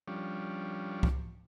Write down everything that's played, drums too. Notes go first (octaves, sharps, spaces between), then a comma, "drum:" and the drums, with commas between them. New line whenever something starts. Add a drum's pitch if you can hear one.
F3 G3 C#4 D4
drum: kick